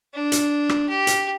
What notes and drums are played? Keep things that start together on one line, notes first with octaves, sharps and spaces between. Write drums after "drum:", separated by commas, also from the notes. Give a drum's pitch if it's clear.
D4
drum: hi-hat
drum: rim click
G4
drum: hi-hat